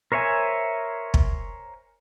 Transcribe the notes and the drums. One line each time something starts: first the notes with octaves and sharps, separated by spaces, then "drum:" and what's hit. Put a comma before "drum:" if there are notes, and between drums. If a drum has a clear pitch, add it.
A#4 C5 C#5 E5 G#5
drum: kick